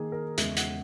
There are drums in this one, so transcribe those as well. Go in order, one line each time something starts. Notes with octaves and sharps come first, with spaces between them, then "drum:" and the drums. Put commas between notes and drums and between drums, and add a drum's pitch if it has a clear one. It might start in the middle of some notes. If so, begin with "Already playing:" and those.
Already playing: D#3 A#3 D#4 G#4
A#4
E2 C#3 G#3 E5, drum: hi-hat
F#5, drum: hi-hat